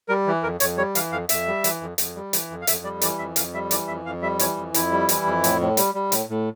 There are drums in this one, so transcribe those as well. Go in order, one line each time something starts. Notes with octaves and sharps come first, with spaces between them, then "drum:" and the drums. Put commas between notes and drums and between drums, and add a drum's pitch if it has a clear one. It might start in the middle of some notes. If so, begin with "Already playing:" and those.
G3 A#4
E3
F2 A#4
F2 C#5, drum: hi-hat
G3 C#5
E3 F5, drum: hi-hat
F2 F5
F2 E5, drum: hi-hat
G3
E3, drum: hi-hat
F2
F2, drum: hi-hat
G3
E3, drum: hi-hat
F2
F5
F2 E5, drum: hi-hat
G3 D5
E3 D5, drum: hi-hat
F2 E5
F2 F5, drum: hi-hat
G3 E5
E3 D5, drum: hi-hat
F2 E5
F2 F5
G3 E5
E3 C#5, drum: hi-hat
F2
F2 E4, drum: hi-hat
G3
E3, drum: hi-hat
F2
A2, drum: hi-hat
A2
G3, drum: hi-hat
G3
A2, drum: hi-hat
A2